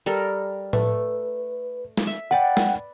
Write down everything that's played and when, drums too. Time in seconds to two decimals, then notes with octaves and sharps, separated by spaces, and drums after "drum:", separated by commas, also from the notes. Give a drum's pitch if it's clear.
0.06 G3 A4 A#4
0.73 A3 B4, drum: tom A2
1.97 drum: snare
2.07 E5
2.31 B4 D5 F#5 G5
2.57 drum: snare